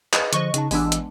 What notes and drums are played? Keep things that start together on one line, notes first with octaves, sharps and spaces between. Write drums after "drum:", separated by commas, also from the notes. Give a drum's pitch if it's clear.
G#4 B4 D#5, drum: clap
D3 F3 C5 D#5 C#6 F#6, drum: hi-hat
C#3 D#4 A5, drum: hi-hat
A1 E3 G#3 B3 D4 E6, drum: open hi-hat
drum: hi-hat